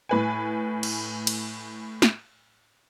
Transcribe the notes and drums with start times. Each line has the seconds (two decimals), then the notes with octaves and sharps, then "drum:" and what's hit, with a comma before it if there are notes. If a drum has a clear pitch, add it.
0.09 A2 B4 G#5
0.83 drum: cymbal
1.27 drum: cymbal
2.02 drum: snare